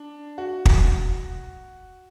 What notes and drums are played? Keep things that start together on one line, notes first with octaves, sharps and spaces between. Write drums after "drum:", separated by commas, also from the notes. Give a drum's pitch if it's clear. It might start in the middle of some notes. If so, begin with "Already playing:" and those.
Already playing: D4
F#4
drum: kick